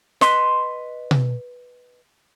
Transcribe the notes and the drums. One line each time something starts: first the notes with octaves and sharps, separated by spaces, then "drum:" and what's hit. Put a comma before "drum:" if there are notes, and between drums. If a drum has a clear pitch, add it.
B4 D#5 C6, drum: snare
drum: tom B2